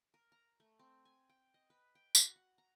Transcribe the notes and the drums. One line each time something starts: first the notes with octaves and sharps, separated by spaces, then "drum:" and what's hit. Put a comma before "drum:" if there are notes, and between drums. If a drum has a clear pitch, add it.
A#4
A#5
A3
C4
G#5
G5
D#5
B4
G5
F#4, drum: tambourine
F#5
A#5